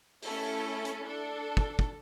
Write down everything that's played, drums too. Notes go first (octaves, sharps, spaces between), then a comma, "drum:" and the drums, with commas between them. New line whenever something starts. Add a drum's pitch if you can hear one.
A3 C#4 E4 A4, drum: open hi-hat
drum: hi-hat
D4 A4
drum: kick
drum: kick